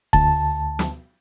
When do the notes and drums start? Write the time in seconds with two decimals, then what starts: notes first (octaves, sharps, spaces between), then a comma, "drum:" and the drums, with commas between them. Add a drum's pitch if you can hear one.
0.13 D2 A5, drum: kick D#1
0.79 drum: snare